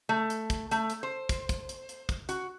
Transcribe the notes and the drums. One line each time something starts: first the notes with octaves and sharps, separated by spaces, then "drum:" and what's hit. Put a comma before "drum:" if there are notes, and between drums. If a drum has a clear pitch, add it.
A3
drum: hi-hat
drum: kick, hi-hat
A3, drum: hi-hat
drum: hi-hat
C5
drum: kick, hi-hat
drum: kick, hi-hat
drum: hi-hat
drum: hi-hat
drum: kick, hi-hat
F#4, drum: hi-hat